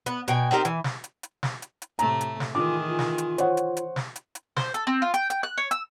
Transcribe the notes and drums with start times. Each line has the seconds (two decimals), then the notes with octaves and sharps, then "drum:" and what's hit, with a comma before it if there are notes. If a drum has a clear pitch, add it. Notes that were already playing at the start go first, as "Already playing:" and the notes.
0.06 B3, drum: hi-hat
0.28 B2 G5 G#5, drum: hi-hat
0.51 C4 D#4 G4 A#4
0.65 E3, drum: hi-hat
0.84 drum: snare
1.04 drum: hi-hat
1.23 drum: hi-hat
1.43 drum: snare
1.62 drum: hi-hat
1.82 drum: hi-hat
1.99 A2 C3 A3 A#5, drum: hi-hat
2.21 drum: hi-hat
2.40 drum: snare
2.55 D#3 E3 F4 G#4 D6
2.88 F4
2.99 drum: snare
3.18 drum: hi-hat
3.38 C5 C#5 F#5, drum: hi-hat
3.57 drum: hi-hat
3.77 drum: hi-hat
3.96 drum: snare
4.16 drum: hi-hat
4.35 drum: hi-hat
4.57 C5, drum: snare
4.74 A4, drum: hi-hat
4.87 C4
5.02 F4
5.14 G5, drum: hi-hat
5.30 G5, drum: hi-hat
5.43 F#6
5.58 C#5
5.71 E6, drum: hi-hat